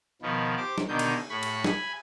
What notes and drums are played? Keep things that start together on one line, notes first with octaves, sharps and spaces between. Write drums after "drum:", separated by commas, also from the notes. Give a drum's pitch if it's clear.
B2 D#3 F3 B3
G4 C5 D6
drum: snare
B2 D3 D#3 D#4 G6
drum: cymbal
A2 B5 C#6
drum: cymbal
G#5 B5, drum: snare